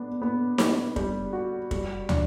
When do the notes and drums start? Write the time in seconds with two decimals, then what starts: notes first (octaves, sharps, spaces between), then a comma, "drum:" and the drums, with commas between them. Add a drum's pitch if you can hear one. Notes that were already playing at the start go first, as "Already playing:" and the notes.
Already playing: B3 D4
0.22 B3
0.58 B3, drum: snare D#4
0.96 G3, drum: kick
1.33 F#4
1.71 G3, drum: kick
2.09 D4, drum: tom